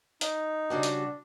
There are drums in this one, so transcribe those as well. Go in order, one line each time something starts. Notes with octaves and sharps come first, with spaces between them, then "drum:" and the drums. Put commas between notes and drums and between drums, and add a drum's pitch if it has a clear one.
D#4, drum: hi-hat
C#3 G3 D4 F#4
drum: hi-hat